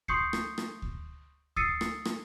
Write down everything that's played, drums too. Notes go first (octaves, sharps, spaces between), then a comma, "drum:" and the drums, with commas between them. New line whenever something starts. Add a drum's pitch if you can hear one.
C6 C#6 D#6 G6 C7 C#7, drum: kick D2
drum: rim click
drum: rim click
drum: kick D2
D#6 E6 A6 C7 C#7 D#7, drum: kick D2
drum: rim click
drum: rim click